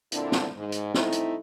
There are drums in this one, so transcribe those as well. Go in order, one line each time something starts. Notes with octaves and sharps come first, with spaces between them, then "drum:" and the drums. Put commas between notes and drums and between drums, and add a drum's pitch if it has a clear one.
D2 A#2 D3 C4 D4 E4, drum: hi-hat
drum: snare
G#2
drum: hi-hat
A3 C4 D#4 E4, drum: snare
drum: hi-hat